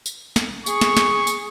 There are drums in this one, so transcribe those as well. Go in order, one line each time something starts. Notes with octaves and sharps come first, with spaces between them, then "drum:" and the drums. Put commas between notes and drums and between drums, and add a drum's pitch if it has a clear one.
drum: tambourine
drum: snare
G#4 C#6, drum: tambourine
drum: snare
drum: snare
drum: tambourine